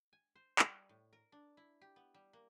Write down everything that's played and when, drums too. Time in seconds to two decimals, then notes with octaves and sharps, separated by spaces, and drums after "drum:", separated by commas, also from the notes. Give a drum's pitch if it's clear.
0.13 G#5
0.35 C5
0.59 G3, drum: clap
0.89 A2
1.13 A#4
1.32 D4
1.57 E4
1.81 G4
1.96 B3
2.14 G3
2.33 A#3